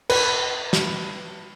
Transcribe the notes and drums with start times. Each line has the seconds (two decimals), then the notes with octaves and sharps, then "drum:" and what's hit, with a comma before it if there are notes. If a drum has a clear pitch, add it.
0.10 B4, drum: cymbal
0.73 drum: snare